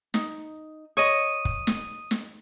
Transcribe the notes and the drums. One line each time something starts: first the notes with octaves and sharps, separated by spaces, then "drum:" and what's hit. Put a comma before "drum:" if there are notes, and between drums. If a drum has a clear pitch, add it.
D#4, drum: snare
C#5 D#5 D#6 D#7
drum: kick
drum: snare
drum: snare